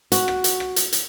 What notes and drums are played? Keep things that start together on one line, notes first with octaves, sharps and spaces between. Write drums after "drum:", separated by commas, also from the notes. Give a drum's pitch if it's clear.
F#4, drum: hi-hat
drum: rim click
drum: hi-hat
drum: rim click
drum: hi-hat
drum: hi-hat